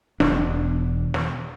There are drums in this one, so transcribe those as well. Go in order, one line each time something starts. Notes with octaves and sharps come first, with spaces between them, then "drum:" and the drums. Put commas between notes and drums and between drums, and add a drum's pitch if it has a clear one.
E1 B2 D4, drum: snare
drum: snare